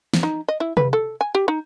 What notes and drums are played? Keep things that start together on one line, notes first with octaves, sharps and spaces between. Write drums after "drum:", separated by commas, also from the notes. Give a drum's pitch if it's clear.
drum: snare
D#4
D#5
E4
B4, drum: tom C3
A4
G#5
G4
D#4